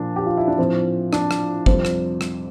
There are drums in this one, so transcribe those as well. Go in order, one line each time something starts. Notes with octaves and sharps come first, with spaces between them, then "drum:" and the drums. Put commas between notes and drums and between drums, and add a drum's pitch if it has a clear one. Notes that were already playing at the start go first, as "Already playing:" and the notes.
Already playing: A#2 F3 D4
G4
F4
E4
D4
A2 F3 C4
D4, drum: rim click
drum: rim click
F2 C3 G3 C4, drum: kick
drum: rim click
drum: rim click